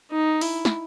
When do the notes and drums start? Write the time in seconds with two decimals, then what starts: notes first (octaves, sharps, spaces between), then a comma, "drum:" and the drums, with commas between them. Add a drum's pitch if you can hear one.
0.11 D#4
0.41 E4, drum: open hi-hat
0.65 drum: snare